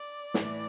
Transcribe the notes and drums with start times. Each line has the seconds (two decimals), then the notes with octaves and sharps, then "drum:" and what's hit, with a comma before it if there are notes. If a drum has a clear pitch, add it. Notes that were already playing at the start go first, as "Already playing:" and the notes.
Already playing: D5
0.34 A2 E3, drum: snare